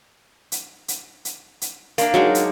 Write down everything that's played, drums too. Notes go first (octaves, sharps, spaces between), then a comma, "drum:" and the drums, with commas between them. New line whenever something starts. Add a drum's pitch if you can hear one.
drum: hi-hat
drum: hi-hat
drum: hi-hat
drum: hi-hat
A#3 D4, drum: hi-hat
F#3 G#3 D#4
drum: hi-hat